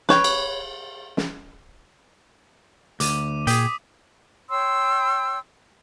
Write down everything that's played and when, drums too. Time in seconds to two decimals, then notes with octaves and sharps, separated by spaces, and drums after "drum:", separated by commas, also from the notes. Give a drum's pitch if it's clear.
0.09 B4 C#5 G5, drum: snare
0.24 drum: cymbal
1.17 drum: snare
3.00 D2 D6 D#7, drum: hi-hat
3.47 A#2 G#4 G5 D#6 B6 D#7, drum: hi-hat
4.50 C#5 G5 C6 E6